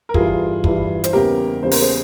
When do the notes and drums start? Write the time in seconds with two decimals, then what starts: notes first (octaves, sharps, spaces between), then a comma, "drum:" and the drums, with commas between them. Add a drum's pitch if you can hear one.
0.09 A#4
0.14 G2 E3 G3 F4 G#4, drum: kick
0.64 G2 E3 G3, drum: kick
1.04 C5, drum: hi-hat
1.13 E2 C#3 G3 A#3 G4 A#4
1.63 E2 C#3 G3 A#3 C5
1.71 A#4, drum: open hi-hat
1.81 G#4 C5